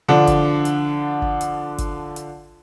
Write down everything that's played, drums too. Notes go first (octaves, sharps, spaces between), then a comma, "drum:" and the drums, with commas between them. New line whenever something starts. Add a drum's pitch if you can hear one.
D3 F3 D4
drum: kick, hi-hat
drum: hi-hat
drum: kick
drum: hi-hat
drum: kick, hi-hat
drum: hi-hat